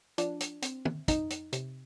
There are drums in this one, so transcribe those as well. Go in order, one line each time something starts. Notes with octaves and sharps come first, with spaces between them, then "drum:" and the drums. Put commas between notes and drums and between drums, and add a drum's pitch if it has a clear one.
F3 D4, drum: hi-hat
drum: hi-hat
C4, drum: hi-hat
drum: tom
F2 D#4, drum: kick, hi-hat
drum: hi-hat
C3, drum: hi-hat